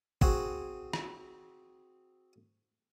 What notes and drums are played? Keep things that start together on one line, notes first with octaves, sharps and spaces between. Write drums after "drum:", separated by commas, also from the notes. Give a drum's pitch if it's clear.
C4 F#4 G#4, drum: kick
drum: rim click